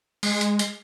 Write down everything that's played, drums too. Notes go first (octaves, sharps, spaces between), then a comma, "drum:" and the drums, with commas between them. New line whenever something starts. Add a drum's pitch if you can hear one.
G#3, drum: open hi-hat
drum: hi-hat
drum: hi-hat